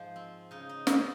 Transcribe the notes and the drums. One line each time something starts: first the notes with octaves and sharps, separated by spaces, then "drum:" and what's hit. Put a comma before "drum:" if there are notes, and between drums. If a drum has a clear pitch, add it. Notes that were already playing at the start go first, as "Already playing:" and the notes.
Already playing: G#2 F3 G#3 C5
C4
C#3 D#4
D#4
C4 D#4, drum: snare